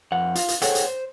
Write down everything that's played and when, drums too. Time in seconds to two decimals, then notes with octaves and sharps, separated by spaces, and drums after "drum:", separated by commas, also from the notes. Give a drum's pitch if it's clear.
0.12 F2 F#5
0.35 F4, drum: hi-hat
0.48 drum: hi-hat
0.62 G#4 A4 C5 C#5 F#5 G5, drum: hi-hat
0.75 drum: hi-hat
0.85 C5